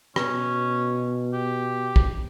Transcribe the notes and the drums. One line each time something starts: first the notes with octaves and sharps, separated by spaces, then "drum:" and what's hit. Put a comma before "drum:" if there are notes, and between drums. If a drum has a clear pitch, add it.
B2 C#4, drum: rim click
G4
drum: kick